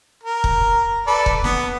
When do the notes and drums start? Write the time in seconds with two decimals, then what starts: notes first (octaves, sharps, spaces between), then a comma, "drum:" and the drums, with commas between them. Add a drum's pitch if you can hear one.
0.23 A#4
0.44 drum: kick
1.07 A4 B4 D5
1.26 drum: kick
1.44 B3, drum: snare